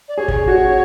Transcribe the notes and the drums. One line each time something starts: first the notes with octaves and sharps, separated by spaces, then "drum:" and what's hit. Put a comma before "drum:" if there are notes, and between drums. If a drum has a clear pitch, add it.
D5
G#4 C#5
drum: kick
F#4